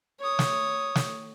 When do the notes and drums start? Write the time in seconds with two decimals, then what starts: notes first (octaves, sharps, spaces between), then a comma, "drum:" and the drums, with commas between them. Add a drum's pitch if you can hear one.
0.20 C#5 D#6
0.39 drum: snare
0.95 drum: snare